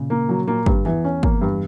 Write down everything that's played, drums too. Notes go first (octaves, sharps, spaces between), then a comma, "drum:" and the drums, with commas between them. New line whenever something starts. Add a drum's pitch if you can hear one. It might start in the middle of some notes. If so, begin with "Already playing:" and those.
Already playing: A#2 C#3
A#3
F#3
A#2 A#3
G2, drum: kick
E2 E3
C#4
A#3, drum: kick
G2